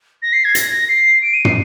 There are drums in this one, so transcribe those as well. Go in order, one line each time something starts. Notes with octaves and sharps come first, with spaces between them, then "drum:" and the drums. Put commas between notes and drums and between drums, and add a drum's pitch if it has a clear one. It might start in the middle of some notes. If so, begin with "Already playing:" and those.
A#6
C7
G#6
A#6, drum: hi-hat
C7
D7
D#7
C7, drum: tom